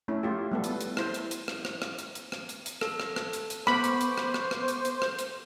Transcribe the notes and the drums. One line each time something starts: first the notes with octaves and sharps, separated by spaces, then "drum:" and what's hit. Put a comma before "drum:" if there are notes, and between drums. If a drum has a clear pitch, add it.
A3 C#4 E4
A3 F4 G4
G3 B3 A4
drum: hi-hat
drum: hi-hat
E4 C5, drum: rim click
drum: hi-hat
drum: hi-hat
drum: rim click
drum: rim click
drum: rim click
drum: hi-hat
drum: hi-hat
drum: rim click
drum: hi-hat
drum: hi-hat
A4, drum: rim click
drum: rim click
drum: rim click
drum: hi-hat
drum: hi-hat
B3 C5 B5 C#6 D6, drum: rim click
drum: hi-hat
drum: hi-hat
drum: rim click
drum: rim click
drum: rim click
drum: hi-hat
drum: hi-hat
drum: rim click
drum: hi-hat